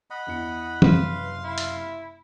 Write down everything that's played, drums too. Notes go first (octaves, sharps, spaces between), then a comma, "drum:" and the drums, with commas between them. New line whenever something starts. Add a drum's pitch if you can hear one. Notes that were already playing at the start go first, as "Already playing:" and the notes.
D#5 F#5 B5
E2 E4 C#7
F#1 C3 B4 F5 C6, drum: tom
E4
drum: hi-hat